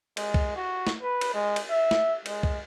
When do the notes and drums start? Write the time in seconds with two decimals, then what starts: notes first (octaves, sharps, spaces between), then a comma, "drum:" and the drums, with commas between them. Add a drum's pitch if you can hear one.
0.17 G#3, drum: cymbal
0.34 drum: kick
0.56 F#4
0.87 drum: snare
1.02 B4
1.21 drum: cymbal
1.34 G#3
1.56 drum: cymbal
1.70 E5
1.91 drum: snare
2.26 G#3, drum: cymbal
2.43 drum: kick